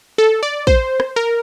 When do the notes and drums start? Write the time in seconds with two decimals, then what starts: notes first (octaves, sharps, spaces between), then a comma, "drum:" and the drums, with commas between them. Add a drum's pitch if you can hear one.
0.18 A4
0.43 D5
0.67 C5, drum: kick
1.00 drum: rim click
1.16 A#4